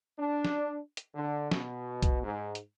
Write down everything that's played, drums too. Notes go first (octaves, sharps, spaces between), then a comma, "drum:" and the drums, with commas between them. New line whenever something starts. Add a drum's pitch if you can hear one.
D4
drum: snare
drum: hi-hat
D3
B2, drum: snare
drum: kick B1, hi-hat
G#2
drum: hi-hat